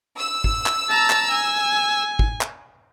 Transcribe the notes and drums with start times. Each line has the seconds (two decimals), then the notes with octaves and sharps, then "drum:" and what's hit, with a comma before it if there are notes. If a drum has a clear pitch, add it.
0.17 E6
0.44 drum: kick
0.66 drum: clap
0.89 A5 A#5
1.10 drum: clap
1.32 G#5
2.19 drum: kick
2.41 drum: clap